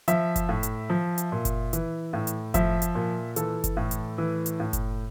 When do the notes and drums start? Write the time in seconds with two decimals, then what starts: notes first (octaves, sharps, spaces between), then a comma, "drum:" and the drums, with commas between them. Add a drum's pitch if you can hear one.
0.08 F3 E5, drum: hi-hat
0.36 drum: kick F#1, hi-hat
0.49 A2
0.63 drum: hi-hat
0.90 F3
1.18 drum: hi-hat
1.32 A#2
1.45 drum: kick F#1, hi-hat
1.73 E3, drum: hi-hat
2.13 A2
2.27 drum: hi-hat
2.54 F3 E5, drum: kick F#1, hi-hat
2.82 drum: hi-hat
2.95 A#2
3.36 E3 A4, drum: hi-hat
3.64 drum: kick F#1, hi-hat
3.77 A2
3.91 drum: hi-hat
4.18 E3
4.46 drum: hi-hat
4.60 A2
4.73 drum: kick F#1, hi-hat